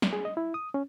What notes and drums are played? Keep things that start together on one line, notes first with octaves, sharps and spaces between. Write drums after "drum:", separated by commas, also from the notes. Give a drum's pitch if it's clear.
drum: snare
G#4
D#5
E4
D#6
C#4